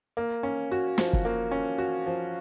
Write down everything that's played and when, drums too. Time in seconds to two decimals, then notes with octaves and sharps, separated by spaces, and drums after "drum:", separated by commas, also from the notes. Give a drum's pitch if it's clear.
0.17 A#3
0.43 C#4
0.72 F#4
0.98 F3, drum: snare
1.13 drum: kick
1.25 A#3
1.51 C#4
1.78 F#4
2.06 F3